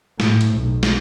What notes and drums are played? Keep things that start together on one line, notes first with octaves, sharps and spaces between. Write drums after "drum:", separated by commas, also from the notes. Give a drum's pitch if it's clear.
A2, drum: snare
drum: hi-hat
B1
drum: snare